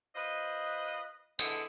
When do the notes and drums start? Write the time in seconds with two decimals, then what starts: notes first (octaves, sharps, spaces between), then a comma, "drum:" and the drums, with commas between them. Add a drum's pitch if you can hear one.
0.16 F4 B4 C5 D#5
1.39 D3 G#3 B3 D#4 E4 A4, drum: tambourine